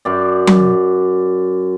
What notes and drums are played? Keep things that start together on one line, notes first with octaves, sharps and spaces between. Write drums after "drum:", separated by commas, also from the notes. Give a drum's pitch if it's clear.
F#2 D5
drum: tom F#3